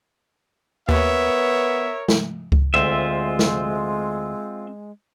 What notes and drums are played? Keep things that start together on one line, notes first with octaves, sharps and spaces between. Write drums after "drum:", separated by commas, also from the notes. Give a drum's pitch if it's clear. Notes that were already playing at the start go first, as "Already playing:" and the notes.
D#2 B3 A#4 C#5 E5
drum: snare
drum: kick C#2
D2 G#3 C4 F4 E5
drum: snare